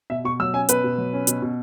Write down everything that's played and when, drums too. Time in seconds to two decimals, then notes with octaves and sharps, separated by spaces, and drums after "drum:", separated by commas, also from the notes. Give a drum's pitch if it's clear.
0.10 B2 E5
0.24 B2 C#6
0.40 F#3 E6
0.54 C#4 G#5
0.69 B2 B4, drum: hi-hat
0.84 B2
0.98 F#3
1.13 C#4
1.27 B2, drum: hi-hat
1.42 B2